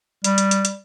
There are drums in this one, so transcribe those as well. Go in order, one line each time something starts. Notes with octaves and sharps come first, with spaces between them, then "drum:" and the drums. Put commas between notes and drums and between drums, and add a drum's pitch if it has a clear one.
G3, drum: hi-hat
drum: hi-hat
drum: hi-hat
drum: hi-hat